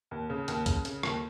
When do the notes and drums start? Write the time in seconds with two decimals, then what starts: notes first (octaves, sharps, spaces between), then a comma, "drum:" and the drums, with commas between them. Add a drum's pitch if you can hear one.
0.11 D#2
0.30 C#3
0.48 D#2, drum: hi-hat
0.66 C#3, drum: kick C2, hi-hat
0.85 C#3, drum: hi-hat
1.03 D#2, drum: rim click